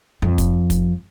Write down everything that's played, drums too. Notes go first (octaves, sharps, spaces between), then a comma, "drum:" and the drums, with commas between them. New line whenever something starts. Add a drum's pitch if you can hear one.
F2 F3
drum: kick, hi-hat
drum: kick, hi-hat